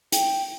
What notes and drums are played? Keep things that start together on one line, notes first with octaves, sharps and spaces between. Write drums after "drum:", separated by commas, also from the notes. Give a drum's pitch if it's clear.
G5, drum: hi-hat